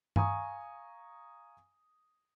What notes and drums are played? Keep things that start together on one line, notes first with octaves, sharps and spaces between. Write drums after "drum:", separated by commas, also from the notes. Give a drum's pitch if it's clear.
F5 G#5 A#5 C#6 D#6, drum: tom G2